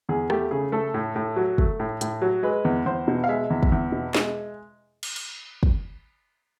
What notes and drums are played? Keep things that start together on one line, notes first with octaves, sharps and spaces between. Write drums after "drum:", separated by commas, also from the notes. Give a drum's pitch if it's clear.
E2 G#4
A3 G4, drum: rim click
C#3 G#4
A3 A4
A2
A2
F#3
A3, drum: kick
A2
A2, drum: hi-hat
F#3
G#3 B4
E2
E2 C5
B2
F5
G#3 E5
E2
drum: kick
E2
B2
G#3, drum: snare
drum: cymbal
drum: cymbal
drum: kick